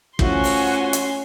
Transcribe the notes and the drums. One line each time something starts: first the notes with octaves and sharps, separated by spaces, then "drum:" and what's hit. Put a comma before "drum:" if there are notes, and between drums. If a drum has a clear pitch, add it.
F3 A3 C#4 E4 F#4 G#5 C6, drum: kick
drum: open hi-hat
drum: hi-hat